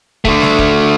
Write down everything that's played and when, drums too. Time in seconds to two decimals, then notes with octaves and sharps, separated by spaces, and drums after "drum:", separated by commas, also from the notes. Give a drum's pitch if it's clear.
0.25 D3 A3, drum: kick
0.42 drum: snare G3
0.59 drum: kick